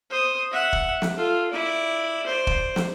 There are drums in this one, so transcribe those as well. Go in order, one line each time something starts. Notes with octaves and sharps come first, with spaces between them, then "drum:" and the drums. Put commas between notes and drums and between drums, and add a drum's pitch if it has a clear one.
C5 D#6
E5 F#5
drum: kick
drum: snare
F4 A4
E4 D5
C5 D5
drum: kick
drum: snare